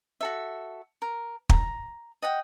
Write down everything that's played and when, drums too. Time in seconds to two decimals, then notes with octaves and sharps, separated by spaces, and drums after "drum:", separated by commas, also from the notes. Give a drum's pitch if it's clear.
0.21 F#4 A4 E5
1.02 A#4
1.49 A#5, drum: kick
2.22 D#5 F#5 G5